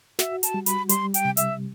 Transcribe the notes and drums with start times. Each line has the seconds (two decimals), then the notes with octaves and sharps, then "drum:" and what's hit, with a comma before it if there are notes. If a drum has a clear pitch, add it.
0.19 F#4 E5, drum: snare
0.43 A5, drum: hi-hat
0.54 G3
0.66 B5, drum: hi-hat
0.89 G3 C6, drum: hi-hat
1.14 G5, drum: hi-hat
1.25 C3
1.37 E5, drum: hi-hat